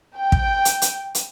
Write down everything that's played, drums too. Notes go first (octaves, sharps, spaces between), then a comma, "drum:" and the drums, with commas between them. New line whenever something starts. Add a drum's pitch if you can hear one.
G5
drum: kick
drum: hi-hat
drum: hi-hat
drum: hi-hat